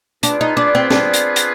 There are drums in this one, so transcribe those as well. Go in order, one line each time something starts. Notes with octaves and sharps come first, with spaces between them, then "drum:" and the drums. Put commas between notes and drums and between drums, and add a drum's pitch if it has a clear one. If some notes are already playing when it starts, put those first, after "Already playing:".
B3 D4 F4 G#4 B4, drum: hi-hat
D#4
D4
C4
D4, drum: snare
drum: hi-hat
drum: hi-hat